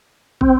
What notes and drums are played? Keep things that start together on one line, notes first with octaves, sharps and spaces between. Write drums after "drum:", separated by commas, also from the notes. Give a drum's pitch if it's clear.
C4, drum: kick